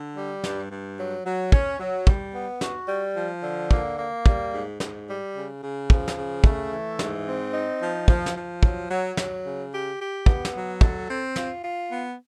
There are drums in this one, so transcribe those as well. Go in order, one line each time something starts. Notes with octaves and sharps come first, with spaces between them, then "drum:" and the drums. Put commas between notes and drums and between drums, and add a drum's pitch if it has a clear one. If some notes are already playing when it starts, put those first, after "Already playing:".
Already playing: D3
G3
G2, drum: snare
G2
F#3
F#3
C#4, drum: kick
F#3
G3, drum: kick
B3
F#4, drum: snare
G3
F3
D3
A#3, drum: kick
A#3
G3, drum: kick
G#2
G#2, drum: snare
G3
C#3
C#3
F3, drum: kick
drum: snare
C#3
A3, drum: kick
E3
G#2, drum: snare
C4
D#4
F3
F3, drum: kick
drum: snare
F3
F#3, drum: kick
F#3
F#3, drum: snare
C#3
G4
G4
B3, drum: kick
drum: snare
F#3
A4, drum: kick
C4
F4, drum: snare
F4
B3